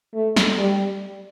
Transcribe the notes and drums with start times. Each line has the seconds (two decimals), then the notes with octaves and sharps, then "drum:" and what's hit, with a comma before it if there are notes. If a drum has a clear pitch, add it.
0.14 A3
0.36 drum: snare
0.58 G3